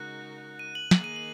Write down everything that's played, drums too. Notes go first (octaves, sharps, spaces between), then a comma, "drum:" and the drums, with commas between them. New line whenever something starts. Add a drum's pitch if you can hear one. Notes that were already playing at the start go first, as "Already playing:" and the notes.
Already playing: C#3 G#3 D#4 F#4 A#4 F#6
D#7
F#7
D#3 A#3 D#4 G#4 F#7, drum: snare
D#7
F#7